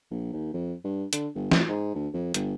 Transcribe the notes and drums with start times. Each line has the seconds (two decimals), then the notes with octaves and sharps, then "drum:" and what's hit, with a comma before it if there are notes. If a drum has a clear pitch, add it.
0.11 A#1
0.33 D#2
0.53 F2
0.84 G2
1.13 D3, drum: hi-hat
1.36 G1
1.51 A2, drum: snare
1.68 G#2
1.95 D2
2.14 F2
2.34 G1, drum: hi-hat